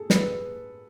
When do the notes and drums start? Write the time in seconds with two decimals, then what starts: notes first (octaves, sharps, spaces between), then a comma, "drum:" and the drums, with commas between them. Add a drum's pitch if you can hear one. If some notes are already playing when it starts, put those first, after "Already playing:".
Already playing: G#4 A4
0.10 B4, drum: snare